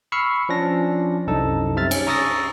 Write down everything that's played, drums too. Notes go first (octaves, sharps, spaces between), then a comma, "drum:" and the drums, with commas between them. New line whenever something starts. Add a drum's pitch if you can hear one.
B5 C#6 E6 F6 C7 C#7
F3 C#4 D4 A#6
C2 F#2 D#4 A4 A5
C3 C5 E5 F6 A6
C#4, drum: cymbal
A#5 C#6 D#6 E6 A6 A#6